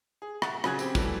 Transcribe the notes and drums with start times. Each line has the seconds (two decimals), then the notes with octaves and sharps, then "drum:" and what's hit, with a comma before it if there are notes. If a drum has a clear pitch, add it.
0.22 G#4
0.42 E5 F#5 C#6 A6, drum: rim click
0.64 C#3 F#3 G#4 B5 F#6 G#6, drum: rim click
0.79 C4 G4, drum: tambourine
0.95 E3 F#3 G3 A3, drum: kick, tambourine